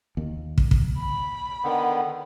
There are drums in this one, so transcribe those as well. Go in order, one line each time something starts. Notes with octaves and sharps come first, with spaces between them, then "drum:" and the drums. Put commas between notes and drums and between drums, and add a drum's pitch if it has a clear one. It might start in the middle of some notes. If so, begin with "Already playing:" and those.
D#2
drum: kick
drum: kick
B5
D3 D#3 B3